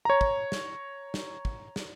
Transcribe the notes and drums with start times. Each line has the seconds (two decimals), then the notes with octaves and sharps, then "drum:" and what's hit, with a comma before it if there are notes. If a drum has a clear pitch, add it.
0.05 C#5 A#5
0.21 drum: kick
0.52 drum: snare
1.14 drum: snare
1.45 drum: kick
1.76 drum: snare